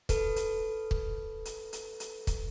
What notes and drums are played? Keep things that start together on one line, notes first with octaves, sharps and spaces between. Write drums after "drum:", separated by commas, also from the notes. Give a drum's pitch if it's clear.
A4 B4, drum: kick, hi-hat
drum: hi-hat
drum: kick
drum: hi-hat
drum: hi-hat
drum: hi-hat
drum: kick, hi-hat